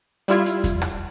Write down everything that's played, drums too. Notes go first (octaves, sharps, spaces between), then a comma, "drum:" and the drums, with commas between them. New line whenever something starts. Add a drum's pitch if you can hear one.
G3 E4 F4 G#6, drum: hi-hat
drum: hi-hat
drum: kick E2, hi-hat
drum: rim click